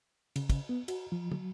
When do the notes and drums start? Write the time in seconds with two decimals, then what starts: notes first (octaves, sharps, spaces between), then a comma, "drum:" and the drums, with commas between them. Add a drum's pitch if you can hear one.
0.36 C#3, drum: cymbal
0.50 drum: kick, cymbal
0.69 B3
0.88 F#4, drum: cymbal
1.12 F3
1.32 F#3, drum: tom